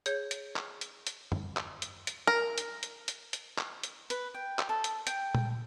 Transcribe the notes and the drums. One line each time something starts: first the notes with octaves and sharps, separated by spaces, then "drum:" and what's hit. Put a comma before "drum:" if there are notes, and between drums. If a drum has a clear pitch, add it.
G#4 C#5 G6, drum: hi-hat
drum: hi-hat
drum: clap
drum: hi-hat
drum: hi-hat
drum: tom F#2
drum: clap
drum: hi-hat
drum: hi-hat
A#4
drum: hi-hat
drum: hi-hat
drum: hi-hat
drum: hi-hat
drum: clap
drum: hi-hat
B4, drum: hi-hat
G5
drum: clap
A4
drum: hi-hat
G5, drum: hi-hat
drum: tom A#2